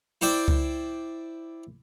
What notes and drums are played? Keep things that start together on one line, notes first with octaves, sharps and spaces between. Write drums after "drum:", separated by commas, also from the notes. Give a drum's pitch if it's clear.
E4 C5 D5 G5
drum: kick C#2